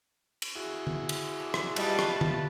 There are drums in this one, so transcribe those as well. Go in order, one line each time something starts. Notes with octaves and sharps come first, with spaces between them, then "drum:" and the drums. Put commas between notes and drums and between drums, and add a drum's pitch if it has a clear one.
drum: cymbal
E4 F#4 G#4
drum: tom D3
drum: cymbal
D4
drum: rim click
G3 A3 F4 B4 D#5 A5, drum: cymbal
drum: rim click
drum: tom D3